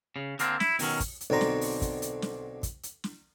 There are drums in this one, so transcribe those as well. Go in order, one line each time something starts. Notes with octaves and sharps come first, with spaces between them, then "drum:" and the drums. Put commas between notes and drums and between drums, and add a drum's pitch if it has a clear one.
C#3
D3 A#3 C4 D4, drum: hi-hat
E4, drum: snare
B2 D#3 F#3 C#4, drum: open hi-hat
drum: kick, hi-hat
drum: hi-hat
B1 D3 C4 A#5
drum: snare
drum: open hi-hat
drum: kick, hi-hat
drum: hi-hat
drum: snare
drum: kick, hi-hat
drum: hi-hat
drum: snare